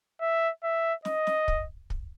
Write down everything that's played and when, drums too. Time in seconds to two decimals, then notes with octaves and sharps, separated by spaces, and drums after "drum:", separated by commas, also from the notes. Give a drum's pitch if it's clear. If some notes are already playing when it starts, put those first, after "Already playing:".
0.21 E5
0.64 E5
1.05 D#5, drum: snare
1.27 drum: snare
1.48 drum: kick
1.90 drum: kick